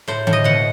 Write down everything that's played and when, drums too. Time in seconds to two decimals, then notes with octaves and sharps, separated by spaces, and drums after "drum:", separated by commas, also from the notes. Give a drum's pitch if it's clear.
0.08 A2 C5
0.27 A2, drum: tom D3
0.33 D#5
0.44 B2 F#5